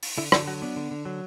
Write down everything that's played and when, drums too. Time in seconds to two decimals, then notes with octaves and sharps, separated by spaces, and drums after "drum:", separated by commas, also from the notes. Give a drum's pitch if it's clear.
0.03 drum: open hi-hat
0.18 D3 E4
0.32 D3 E4, drum: rim click
0.47 F#3 F#4
0.62 B3 D4
0.76 D3
0.91 D3
1.05 F#3